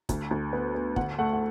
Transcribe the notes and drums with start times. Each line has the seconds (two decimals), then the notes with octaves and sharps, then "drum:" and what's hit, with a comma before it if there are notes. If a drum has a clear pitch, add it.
0.09 D2, drum: kick, hi-hat
0.31 D2
0.53 B3
0.75 B3
0.96 D2 F#5, drum: kick
1.19 A3 F#5
1.33 F#5